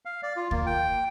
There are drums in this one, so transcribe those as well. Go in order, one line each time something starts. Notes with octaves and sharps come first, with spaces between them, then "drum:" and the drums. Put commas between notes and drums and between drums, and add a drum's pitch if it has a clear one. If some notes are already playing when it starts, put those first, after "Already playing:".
F5
D5
F4
A#3, drum: kick
G5